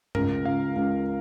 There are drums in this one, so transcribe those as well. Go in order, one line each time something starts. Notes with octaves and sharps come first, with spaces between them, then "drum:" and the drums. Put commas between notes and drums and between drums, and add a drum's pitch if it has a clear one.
C#2 A#4, drum: tom G2
C#2 F5
C#2